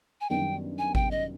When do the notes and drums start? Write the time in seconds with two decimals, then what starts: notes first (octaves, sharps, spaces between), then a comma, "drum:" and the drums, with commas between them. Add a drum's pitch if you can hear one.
0.21 G#5
0.30 F#2 D#3 G3 B3 D4 G5
0.78 G#5
0.95 G5, drum: kick G#1
1.11 D#5